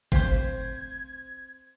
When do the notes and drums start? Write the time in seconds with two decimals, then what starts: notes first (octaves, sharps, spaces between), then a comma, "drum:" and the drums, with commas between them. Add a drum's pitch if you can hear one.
0.12 D2 C4 C5 F5 G#6 B6, drum: kick G1